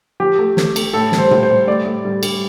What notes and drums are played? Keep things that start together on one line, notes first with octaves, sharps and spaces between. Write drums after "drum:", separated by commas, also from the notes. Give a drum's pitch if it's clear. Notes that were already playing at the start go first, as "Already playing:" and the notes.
F3 G4
A3
A3, drum: snare
A3, drum: cymbal
A2 A4
G3, drum: snare
C5
A2, drum: tom A#2
C5
G3
A2 D5
A2
G3
G3, drum: cymbal